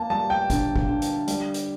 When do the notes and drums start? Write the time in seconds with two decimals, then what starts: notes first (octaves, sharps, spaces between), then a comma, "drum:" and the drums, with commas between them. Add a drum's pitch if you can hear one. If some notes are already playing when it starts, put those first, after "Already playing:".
Already playing: A#3 A5
0.10 G3 A5
0.30 G5
0.50 D3, drum: kick G#1, hi-hat
0.76 drum: kick G#1
0.88 D3
1.02 drum: hi-hat
1.28 G3, drum: hi-hat
1.54 drum: hi-hat